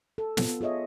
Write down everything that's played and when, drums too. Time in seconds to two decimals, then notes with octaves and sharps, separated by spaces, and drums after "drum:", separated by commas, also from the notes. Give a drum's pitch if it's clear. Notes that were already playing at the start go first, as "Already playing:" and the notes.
0.18 A4
0.37 B3 F4, drum: snare
0.61 F4 G#4 C#5 D#5 E5